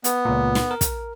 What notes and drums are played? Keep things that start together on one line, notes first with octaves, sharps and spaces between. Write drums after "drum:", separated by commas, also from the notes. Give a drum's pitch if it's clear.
B3, drum: hi-hat
C#2 A#2
drum: snare
A#4
drum: kick, hi-hat